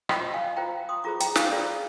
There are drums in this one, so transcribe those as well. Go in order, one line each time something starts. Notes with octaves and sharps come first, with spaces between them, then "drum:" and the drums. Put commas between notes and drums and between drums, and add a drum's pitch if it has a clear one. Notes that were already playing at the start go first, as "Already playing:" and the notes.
F4 C5 D#5 G5, drum: rim click
F5 G#5
F4 C5 G5 A#5
C6 D#6
F4 G#4 C5 A#5 D6
G5 A#5, drum: hi-hat
F5 G#5, drum: snare
F4 G#4 C5 D5